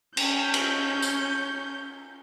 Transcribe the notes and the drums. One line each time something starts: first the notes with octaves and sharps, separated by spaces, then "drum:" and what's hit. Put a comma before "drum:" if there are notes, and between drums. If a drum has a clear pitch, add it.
C#4 G6, drum: cymbal
drum: cymbal
drum: tambourine